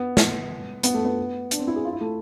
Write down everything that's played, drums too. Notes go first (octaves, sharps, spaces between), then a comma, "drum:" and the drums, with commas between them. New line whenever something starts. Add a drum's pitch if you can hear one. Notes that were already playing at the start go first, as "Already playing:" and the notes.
Already playing: B3
drum: snare
B3, drum: hi-hat
A3
B3
D4, drum: hi-hat
C4
E4
G#4
F4
E4
A3